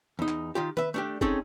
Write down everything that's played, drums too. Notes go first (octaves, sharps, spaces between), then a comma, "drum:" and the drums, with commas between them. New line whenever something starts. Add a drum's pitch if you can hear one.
E2 D#4
drum: clap
D#3 F4 G4
B4 E5, drum: tom D#3
A3 D4 G4
C4 C#4 D#4 G#4 A4, drum: kick